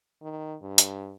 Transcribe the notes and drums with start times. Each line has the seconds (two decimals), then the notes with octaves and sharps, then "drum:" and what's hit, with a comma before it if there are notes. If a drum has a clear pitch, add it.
0.22 D#3
0.62 G2
0.78 drum: hi-hat